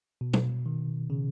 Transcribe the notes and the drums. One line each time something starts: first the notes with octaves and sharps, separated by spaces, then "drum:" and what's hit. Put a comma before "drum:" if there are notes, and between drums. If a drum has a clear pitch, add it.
B2
drum: tom
D#3
C#3